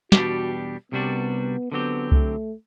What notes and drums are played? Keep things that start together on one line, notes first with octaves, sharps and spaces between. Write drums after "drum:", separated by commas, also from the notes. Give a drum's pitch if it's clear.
E2 B2 G3 D4 F#4 G4, drum: snare
C2 C3 G3 B3 D4 F#4
D3 F#3 B3 C4 G4
A3, drum: kick C2